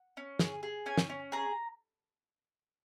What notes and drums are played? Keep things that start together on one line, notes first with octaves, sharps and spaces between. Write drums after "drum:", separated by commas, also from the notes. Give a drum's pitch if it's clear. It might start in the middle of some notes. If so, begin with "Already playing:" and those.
Already playing: F#5
C#4
G#4, drum: snare
G#4
C#4 G#5
drum: snare
C#4
G#4 A#5